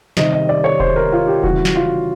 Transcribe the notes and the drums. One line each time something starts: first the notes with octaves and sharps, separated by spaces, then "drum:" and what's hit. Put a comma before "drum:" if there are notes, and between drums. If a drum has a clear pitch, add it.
C3 D#3 G3 D#5, drum: snare
D#5
D5
C#5
C5, drum: kick E1
A#4
F4
G4
C#3 E3 G3 F#4, drum: kick E1
drum: snare
F4